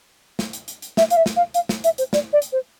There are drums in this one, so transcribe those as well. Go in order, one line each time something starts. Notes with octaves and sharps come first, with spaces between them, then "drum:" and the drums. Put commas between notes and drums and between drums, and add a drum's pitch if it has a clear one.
drum: snare
drum: hi-hat
drum: hi-hat
drum: hi-hat
E5, drum: snare
F5, drum: hi-hat
E5
drum: snare
F5
F5, drum: hi-hat
drum: snare
E5, drum: hi-hat
C5, drum: hi-hat
D5, drum: snare
D5
drum: hi-hat
C5